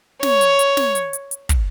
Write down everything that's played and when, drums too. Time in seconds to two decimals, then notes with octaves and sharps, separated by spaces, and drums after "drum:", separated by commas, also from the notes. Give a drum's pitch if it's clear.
0.23 C#5, drum: snare
0.41 drum: hi-hat
0.59 drum: hi-hat
0.77 drum: snare
0.95 drum: hi-hat
1.13 drum: hi-hat
1.31 drum: hi-hat
1.49 drum: kick, hi-hat